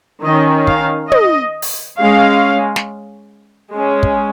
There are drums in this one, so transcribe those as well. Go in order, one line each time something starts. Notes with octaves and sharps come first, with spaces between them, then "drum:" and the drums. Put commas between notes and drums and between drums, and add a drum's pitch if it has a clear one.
D#3 C#4 D#5
F5, drum: kick
D#5, drum: tom
drum: open hi-hat
G#3 C#4 F5
drum: snare
G#3 C#4
drum: kick